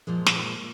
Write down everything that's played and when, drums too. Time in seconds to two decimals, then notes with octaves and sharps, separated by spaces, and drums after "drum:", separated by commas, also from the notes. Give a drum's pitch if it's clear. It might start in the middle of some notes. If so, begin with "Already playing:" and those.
0.07 A#2 F3 G#3 A#3
0.26 drum: snare
0.36 A#3